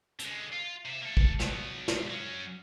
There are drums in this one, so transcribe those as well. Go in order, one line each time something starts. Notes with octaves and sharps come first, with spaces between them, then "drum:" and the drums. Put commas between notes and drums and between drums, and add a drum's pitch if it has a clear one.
D3 G#3, drum: hi-hat
F4
C3 E5
A#3 A4
drum: kick
F#3 B3, drum: snare
drum: snare
F#3 C#4